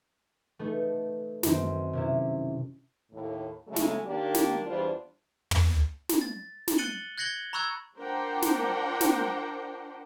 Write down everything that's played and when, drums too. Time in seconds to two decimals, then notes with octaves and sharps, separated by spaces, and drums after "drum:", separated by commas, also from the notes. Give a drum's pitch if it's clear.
0.59 A3 B3 D#4
1.43 F#2 D#3 C4, drum: snare
1.93 C3 C#4 E4
3.11 D#2 A2
3.67 C#3 F#3 G#3 A3
3.76 drum: snare
4.05 D#3 A#3 D4 G4 D5
4.35 drum: snare
4.66 E2 G3 D4 F4 C5
5.51 drum: tom
6.09 drum: snare
6.21 A6
6.68 drum: snare
6.78 F#6 A6 C#7 D#7 F#7 G7
7.18 F#6 G#6 A#6 C#7 F#7 G7
7.53 A#5 B5 C#6 E6 F#6 G#6
7.98 D4 F4 A#4 C5 F#5 G5
8.42 drum: snare
9.01 drum: snare